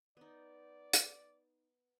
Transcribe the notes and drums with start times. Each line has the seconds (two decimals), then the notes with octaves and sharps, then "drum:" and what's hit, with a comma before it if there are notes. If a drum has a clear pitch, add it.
0.17 B3 D#4 D5
0.93 drum: hi-hat